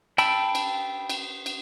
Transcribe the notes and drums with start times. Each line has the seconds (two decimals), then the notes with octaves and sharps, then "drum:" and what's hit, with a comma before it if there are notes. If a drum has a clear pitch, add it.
0.18 G5 A5 B5 E6, drum: cymbal
0.55 drum: cymbal
1.10 drum: cymbal
1.46 drum: cymbal